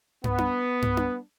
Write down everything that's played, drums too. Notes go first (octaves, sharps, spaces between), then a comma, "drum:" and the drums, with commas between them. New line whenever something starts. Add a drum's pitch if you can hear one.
B3, drum: tom
drum: tom
drum: tom
drum: tom